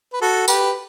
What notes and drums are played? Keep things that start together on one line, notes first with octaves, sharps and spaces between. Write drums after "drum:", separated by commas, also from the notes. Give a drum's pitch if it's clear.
B4
F#4 A4
G4 B4, drum: tambourine